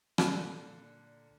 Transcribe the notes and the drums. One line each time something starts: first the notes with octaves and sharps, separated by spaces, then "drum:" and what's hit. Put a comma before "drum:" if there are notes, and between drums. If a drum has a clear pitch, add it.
A#2 D3, drum: rim click